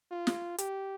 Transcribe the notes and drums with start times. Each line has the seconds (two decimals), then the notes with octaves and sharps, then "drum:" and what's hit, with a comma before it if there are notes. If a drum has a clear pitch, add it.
0.11 F4
0.27 drum: snare
0.58 G4, drum: hi-hat